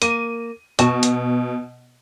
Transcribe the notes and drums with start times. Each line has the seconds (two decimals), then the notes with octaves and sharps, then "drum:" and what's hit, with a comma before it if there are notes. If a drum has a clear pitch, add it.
0.02 A#3 D#7, drum: hi-hat
0.79 B2 F#4 A5, drum: hi-hat
1.03 drum: hi-hat